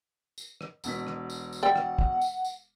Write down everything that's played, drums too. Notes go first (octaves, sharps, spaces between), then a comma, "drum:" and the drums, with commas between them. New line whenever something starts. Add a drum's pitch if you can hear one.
drum: tambourine
drum: rim click
E1 B2 B6, drum: tambourine
drum: rim click
drum: tambourine
drum: tambourine
D5 F#5 G5
drum: rim click
drum: kick
drum: tambourine
drum: tambourine